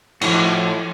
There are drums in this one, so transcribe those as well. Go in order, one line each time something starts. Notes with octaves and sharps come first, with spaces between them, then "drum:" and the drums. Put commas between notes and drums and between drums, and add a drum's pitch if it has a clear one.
A2 F3 E4 F#4, drum: cymbal